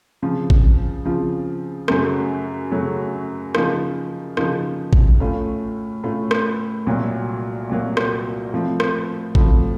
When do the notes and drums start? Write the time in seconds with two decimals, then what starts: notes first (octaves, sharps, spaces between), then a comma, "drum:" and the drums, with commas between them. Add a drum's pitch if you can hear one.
0.22 C#3 F3 C4 F4
0.50 drum: kick G#1
1.05 C#3 F3 C4 F4
1.88 F#2 C#3 F#3 A3, drum: rim click
2.71 F#2 C#3 F#3 A3
3.55 C#3 F3 A#3 D#4, drum: rim click
4.37 C#3 F3 A#3 D#4, drum: rim click
4.93 drum: kick G#1
5.20 A2 A3 C#4 F4
6.03 A2 A3 C#4 F4
6.31 drum: rim click
6.86 C2 A#2 F#3 A#3
7.69 C2 A#2 F#3 A#3
7.97 drum: rim click
8.53 A2 F3 C4
8.80 drum: rim click
9.35 A2 F3 C4, drum: kick G#1